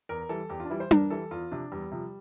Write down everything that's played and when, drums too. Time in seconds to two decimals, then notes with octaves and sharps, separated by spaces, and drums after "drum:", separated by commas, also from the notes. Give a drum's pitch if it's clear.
0.09 E2 A#4
0.29 E3 G3 A4
0.49 E2 G4
0.60 F4
0.65 D4
0.70 E3 G3 E4
0.80 C5
0.91 E2 A#4, drum: tom D4
1.10 E3 G3 A4
1.31 E2 F4
1.51 C3 F3 D4
1.72 E2 G3
1.91 C3 F3